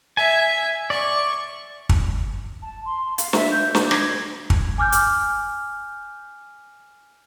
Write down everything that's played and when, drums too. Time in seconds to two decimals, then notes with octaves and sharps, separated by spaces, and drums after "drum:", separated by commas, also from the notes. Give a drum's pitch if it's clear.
0.17 E5 G#5
0.90 D5 C#6
1.89 drum: kick
2.62 A5
2.85 C6
3.18 F5, drum: hi-hat
3.33 E5, drum: snare
3.52 G6
3.75 D6, drum: snare
3.91 G#6, drum: rim click
4.50 drum: kick
4.78 G#5 D6 F6 G6
4.92 drum: hi-hat